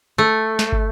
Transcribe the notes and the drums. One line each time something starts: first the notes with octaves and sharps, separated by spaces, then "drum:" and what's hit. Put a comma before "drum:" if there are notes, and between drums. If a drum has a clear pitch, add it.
A3
drum: snare
drum: kick